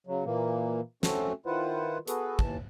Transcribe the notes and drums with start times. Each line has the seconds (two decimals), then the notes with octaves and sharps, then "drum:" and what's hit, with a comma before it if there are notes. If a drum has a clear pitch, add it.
0.07 C#3 F#3
0.24 A#2 E3 A#3
1.03 A3 C4 C#4 F#4 A4, drum: snare
1.46 D#3 E4 F4 B4 C5 F#5
2.08 B3 F#4 G#4 A4 B4, drum: hi-hat
2.39 D#2 E3 A5, drum: kick